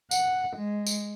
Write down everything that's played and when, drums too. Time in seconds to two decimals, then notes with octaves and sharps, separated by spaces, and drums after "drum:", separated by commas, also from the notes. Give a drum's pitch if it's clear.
0.11 F#5, drum: tambourine
0.57 G#3
0.87 drum: tambourine